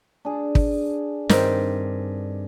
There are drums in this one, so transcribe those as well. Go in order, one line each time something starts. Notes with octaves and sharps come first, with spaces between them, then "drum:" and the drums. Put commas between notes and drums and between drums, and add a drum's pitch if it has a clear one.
D4 G#4
drum: kick
G2 D#3 C4, drum: snare